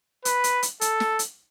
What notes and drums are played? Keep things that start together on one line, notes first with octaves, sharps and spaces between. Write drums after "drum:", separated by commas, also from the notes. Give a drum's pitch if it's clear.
B4, drum: hi-hat
drum: hi-hat
drum: hi-hat
A4, drum: hi-hat
drum: snare
drum: hi-hat